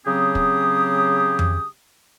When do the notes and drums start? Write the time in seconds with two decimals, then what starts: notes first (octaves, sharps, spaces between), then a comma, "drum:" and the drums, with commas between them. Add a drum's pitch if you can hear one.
0.06 C#3 F#3 C4 G4 G#4 D#6
0.35 drum: kick
1.39 drum: tom F2